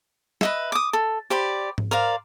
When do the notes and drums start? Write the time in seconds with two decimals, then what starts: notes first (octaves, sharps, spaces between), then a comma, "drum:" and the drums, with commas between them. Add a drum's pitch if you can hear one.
0.41 B4 D#5 E5, drum: snare
0.72 D6 D#6
0.93 A4
1.30 G4 C5 D5 B5
1.78 drum: tom G#2
1.91 A#4 C5 D5 F5